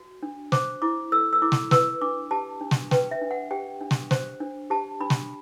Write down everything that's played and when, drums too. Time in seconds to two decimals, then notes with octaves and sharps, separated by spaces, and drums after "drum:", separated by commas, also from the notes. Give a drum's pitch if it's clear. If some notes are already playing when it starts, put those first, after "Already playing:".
Already playing: F#4
0.23 D4
0.52 C5 D6, drum: snare
0.82 E4 D6
1.12 A4 E6
1.33 E6
1.42 E4 D6
1.52 drum: snare
1.71 B4 E6, drum: snare
2.01 D4 D6
2.31 G4 A5
2.61 D4
2.71 drum: snare
2.91 B4 G5, drum: snare
3.11 E5
3.21 D4
3.31 F#5
3.51 G4 G5
3.81 D4
3.91 drum: snare
4.11 C5, drum: snare
4.40 D4
4.70 G4 A5
5.00 D4 B5
5.10 drum: snare